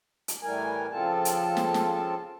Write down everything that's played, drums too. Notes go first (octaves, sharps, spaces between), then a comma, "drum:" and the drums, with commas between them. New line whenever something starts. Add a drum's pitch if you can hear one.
drum: hi-hat
A2 E3 G3 A#4 G#5
C#3 F3 C4 F4 A4 A5
drum: hi-hat
drum: snare
drum: snare